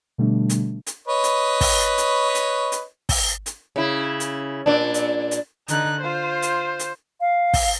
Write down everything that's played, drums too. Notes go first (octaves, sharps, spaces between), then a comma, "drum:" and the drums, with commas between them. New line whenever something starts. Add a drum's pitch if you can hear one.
B2 D3 G3 A3 D4
drum: hi-hat
drum: hi-hat
B4 C#5 D#5
drum: hi-hat
drum: kick, open hi-hat
drum: hi-hat
drum: hi-hat
drum: hi-hat
drum: kick, open hi-hat
drum: hi-hat
C#3 E4
drum: hi-hat
A#2 D4
drum: hi-hat
drum: hi-hat
D3 D#4 F#6, drum: hi-hat
F4 C5
drum: hi-hat
drum: hi-hat
F5
drum: kick, open hi-hat